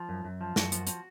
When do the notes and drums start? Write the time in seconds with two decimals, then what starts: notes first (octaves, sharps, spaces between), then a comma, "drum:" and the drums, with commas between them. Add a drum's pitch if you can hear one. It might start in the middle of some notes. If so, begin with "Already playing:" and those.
Already playing: F3
0.09 F#2
0.24 F#2
0.41 F3
0.56 F#2 F#4, drum: snare
0.72 F3, drum: hi-hat
0.87 F3, drum: hi-hat